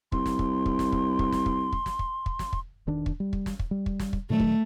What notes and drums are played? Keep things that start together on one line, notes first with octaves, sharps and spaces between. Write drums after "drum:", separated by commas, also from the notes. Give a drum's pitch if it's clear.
C2 C6, drum: kick
drum: snare
drum: kick
drum: kick
drum: snare
drum: kick
drum: kick
drum: snare
drum: kick
drum: kick
drum: snare
drum: kick
drum: kick
drum: snare
drum: kick
E1 D#3 D4
drum: kick
G3
drum: kick
drum: snare
drum: kick
G3
drum: kick
drum: snare
drum: kick
A#2 D#3 F#3 A3
drum: kick